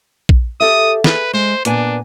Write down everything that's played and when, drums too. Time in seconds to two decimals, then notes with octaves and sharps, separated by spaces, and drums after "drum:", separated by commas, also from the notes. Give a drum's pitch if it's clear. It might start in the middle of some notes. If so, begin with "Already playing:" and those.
0.29 drum: kick
0.60 G4 A4 E5 D#6
1.04 G#4 B4, drum: snare
1.33 G#3 C5
1.65 A#2 B3 D4 G#5, drum: hi-hat